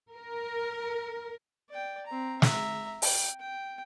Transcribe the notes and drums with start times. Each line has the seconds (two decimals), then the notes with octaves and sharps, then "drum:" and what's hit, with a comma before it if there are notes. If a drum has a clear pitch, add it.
0.13 A#4
1.69 D5 G5
2.06 C4 A#5
2.42 E5 A#5, drum: snare
3.02 G5, drum: open hi-hat
3.40 G5